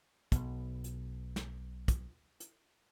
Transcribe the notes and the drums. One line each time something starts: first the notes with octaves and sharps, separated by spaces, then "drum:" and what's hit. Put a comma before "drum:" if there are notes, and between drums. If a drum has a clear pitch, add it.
B1 B2, drum: kick, hi-hat
drum: hi-hat
drum: snare
drum: kick, hi-hat
drum: hi-hat